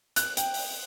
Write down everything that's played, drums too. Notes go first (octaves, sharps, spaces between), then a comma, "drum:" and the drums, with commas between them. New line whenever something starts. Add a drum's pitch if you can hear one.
F#6, drum: hi-hat
G5, drum: hi-hat
drum: open hi-hat